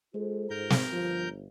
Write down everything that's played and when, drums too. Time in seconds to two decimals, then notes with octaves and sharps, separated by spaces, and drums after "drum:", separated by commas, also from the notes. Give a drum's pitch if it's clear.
0.14 G#3 F4 A4 C5
0.50 G#2 A#4 G6
0.70 drum: snare
0.92 G1 F3